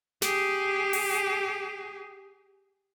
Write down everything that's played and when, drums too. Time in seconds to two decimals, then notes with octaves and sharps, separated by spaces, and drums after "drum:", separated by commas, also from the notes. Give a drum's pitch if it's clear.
0.22 G4 G#4, drum: snare
0.93 drum: open hi-hat